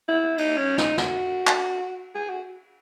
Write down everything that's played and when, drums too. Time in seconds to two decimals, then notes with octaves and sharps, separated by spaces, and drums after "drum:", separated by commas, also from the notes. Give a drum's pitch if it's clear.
0.08 E4
0.38 D#4, drum: cymbal
0.57 C#4
0.78 D#4, drum: snare
0.98 F#4, drum: snare
1.47 drum: clap
2.15 G#4
2.29 F#4